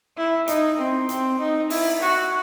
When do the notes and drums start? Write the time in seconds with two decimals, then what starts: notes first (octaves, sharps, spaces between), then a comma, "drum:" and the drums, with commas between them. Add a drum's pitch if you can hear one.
0.17 E4
0.48 D#4, drum: hi-hat
0.78 C4
1.09 C4, drum: hi-hat
1.39 D#4
1.70 E4, drum: open hi-hat
2.01 F#4